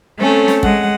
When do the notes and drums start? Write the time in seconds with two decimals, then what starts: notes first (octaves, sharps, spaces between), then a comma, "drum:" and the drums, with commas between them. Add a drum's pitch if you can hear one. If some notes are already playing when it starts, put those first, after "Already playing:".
0.18 A3 C4 C#4 A4
0.48 drum: snare
0.63 G#3 F#5, drum: kick